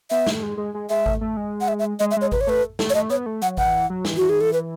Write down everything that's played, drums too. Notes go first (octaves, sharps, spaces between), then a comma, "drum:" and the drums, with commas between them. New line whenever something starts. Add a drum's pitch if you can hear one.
B3 E5
A3, drum: snare
G#3
G#3
G#3
G#3 E5
A3, drum: kick G#1
A3
G#3
F#5
E5
E5
G#3 D#5
E5
G#3 C#5
B4, drum: kick G#1
C#5
A3 B4
A3, drum: snare
C#5
A3 D#5
B3 C#5
A3
F#3 F#5
E3 F#5, drum: kick G#1
F#3
E3, drum: snare
E3 F#4
D#3 G#4
E3 A4
B4